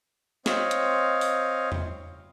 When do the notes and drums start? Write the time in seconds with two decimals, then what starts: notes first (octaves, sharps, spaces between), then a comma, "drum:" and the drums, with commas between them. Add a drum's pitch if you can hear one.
0.46 C4 C#5 D#5 F5, drum: snare
0.71 drum: hi-hat
1.21 drum: open hi-hat
1.72 drum: tom E2